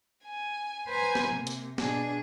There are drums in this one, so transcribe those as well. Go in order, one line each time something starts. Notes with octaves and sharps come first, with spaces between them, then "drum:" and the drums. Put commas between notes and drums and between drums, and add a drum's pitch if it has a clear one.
G#5
B4 C5 G#5 A#5
drum: snare
C3 A#3
drum: hi-hat
B2 D4 G#4, drum: snare